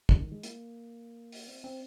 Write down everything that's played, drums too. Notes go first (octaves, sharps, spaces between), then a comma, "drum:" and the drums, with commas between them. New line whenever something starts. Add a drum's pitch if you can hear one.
G3, drum: kick
C#3
D#3
G#3
A#3, drum: hi-hat
drum: open hi-hat
C4
C4